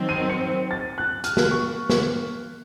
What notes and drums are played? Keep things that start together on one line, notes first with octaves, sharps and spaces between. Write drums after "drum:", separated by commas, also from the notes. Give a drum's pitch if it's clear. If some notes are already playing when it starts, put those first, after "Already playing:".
Already playing: D#3 F#3 C4
D#7
C#7
A6
F#6
F6, drum: hi-hat
drum: snare
C#6
drum: snare